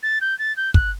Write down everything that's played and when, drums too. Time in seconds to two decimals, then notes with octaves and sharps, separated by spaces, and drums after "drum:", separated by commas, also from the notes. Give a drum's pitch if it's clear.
0.03 A6
0.21 G6
0.39 A6
0.57 G6
0.74 F#6, drum: kick